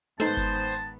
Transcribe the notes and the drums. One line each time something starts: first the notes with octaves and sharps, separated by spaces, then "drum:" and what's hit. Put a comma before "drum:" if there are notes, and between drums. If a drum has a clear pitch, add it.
G#2 D#3 B3 D#4 A4 C5 A5, drum: snare
drum: kick G1, tambourine
drum: tambourine